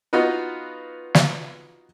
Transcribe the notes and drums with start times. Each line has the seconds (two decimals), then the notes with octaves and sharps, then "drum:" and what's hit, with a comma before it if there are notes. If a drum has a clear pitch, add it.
0.13 B3 D#4 F4 F#4 B4
1.15 drum: snare